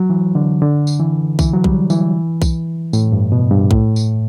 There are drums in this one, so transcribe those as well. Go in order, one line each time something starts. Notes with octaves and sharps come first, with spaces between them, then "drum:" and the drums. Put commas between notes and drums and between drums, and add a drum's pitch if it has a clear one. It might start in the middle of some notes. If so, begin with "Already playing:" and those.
Already playing: F#3
E3
D3
D3
drum: tambourine
E3
E3, drum: kick B1, tambourine
F#3
G3, drum: kick B1
E3, drum: tambourine
drum: kick B1, tambourine
A2, drum: tambourine
G2
B2
G2
A2, drum: kick B1
drum: tambourine